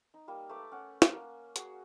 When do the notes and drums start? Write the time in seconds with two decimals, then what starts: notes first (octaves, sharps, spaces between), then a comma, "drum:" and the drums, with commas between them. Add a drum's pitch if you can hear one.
0.14 D#4
0.28 G3 A#3
0.49 A3 B4 D6
0.72 C#4 F#5
1.02 drum: snare
1.13 A#3
1.56 F#4 G#4, drum: hi-hat